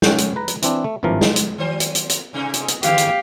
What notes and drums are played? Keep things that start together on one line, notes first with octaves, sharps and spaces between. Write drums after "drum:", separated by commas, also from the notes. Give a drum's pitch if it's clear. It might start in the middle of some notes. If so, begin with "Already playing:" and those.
C#4 F#5 G5, drum: snare
drum: hi-hat
B4 A#5
drum: hi-hat
E3 C4 D4, drum: hi-hat
A3
G#1 G2 E3 F3 A#4
drum: snare
drum: hi-hat
D#3 F#3 C5
drum: hi-hat
drum: hi-hat
drum: hi-hat
G#2 C3 D#4
drum: hi-hat
drum: hi-hat
D3 E3 G#3 G4 F5, drum: hi-hat
drum: hi-hat